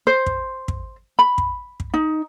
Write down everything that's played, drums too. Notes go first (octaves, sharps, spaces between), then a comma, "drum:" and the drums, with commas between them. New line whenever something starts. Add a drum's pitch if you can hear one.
C5
drum: kick
drum: kick
B5
drum: kick
drum: kick
D#4